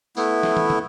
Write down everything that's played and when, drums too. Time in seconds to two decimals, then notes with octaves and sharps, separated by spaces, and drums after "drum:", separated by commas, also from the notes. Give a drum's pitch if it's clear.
0.17 A3 B3 E4, drum: tambourine
0.43 drum: snare
0.57 drum: tom
0.70 drum: tom